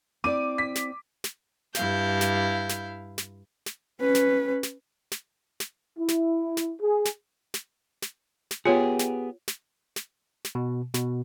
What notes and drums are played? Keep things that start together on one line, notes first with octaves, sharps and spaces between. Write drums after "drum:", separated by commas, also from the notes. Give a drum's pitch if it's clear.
C4 E4 D5 D6 D#7
B6
drum: snare
drum: snare
G2 E4 F5 G6, drum: snare
drum: snare
drum: snare
drum: snare
drum: snare
C#4 B4
drum: snare
drum: snare
drum: snare
drum: snare
E4
drum: snare
drum: snare
G#4
drum: snare
drum: snare
drum: snare
drum: snare
B3 F4 G4 G#4 C#5
drum: snare
drum: snare
drum: snare
drum: snare
B2
B2, drum: snare